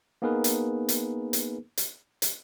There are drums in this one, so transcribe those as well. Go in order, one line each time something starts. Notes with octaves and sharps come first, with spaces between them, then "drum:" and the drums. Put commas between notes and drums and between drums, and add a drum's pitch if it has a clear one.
A#3 B3 D#4 G#4 A#4 B4
drum: hi-hat
drum: hi-hat
drum: hi-hat
drum: hi-hat
drum: hi-hat